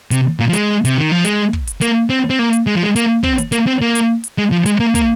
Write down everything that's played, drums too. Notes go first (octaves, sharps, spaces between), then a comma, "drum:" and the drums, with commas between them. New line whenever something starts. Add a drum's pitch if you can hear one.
C3, drum: hi-hat
A#2
F3
G#3, drum: hi-hat
C3, drum: hi-hat
D#3
F3
G#3, drum: hi-hat
drum: kick
drum: hi-hat
A#3, drum: hi-hat
C4
C4
A#3
drum: hi-hat
G#3
F3
G#3
A#3, drum: hi-hat
C4, drum: kick
drum: hi-hat
A#3, drum: hi-hat
C4
A#3
drum: hi-hat
drum: hi-hat
G#3
F3
G#3, drum: hi-hat
A#3
A#3, drum: kick, hi-hat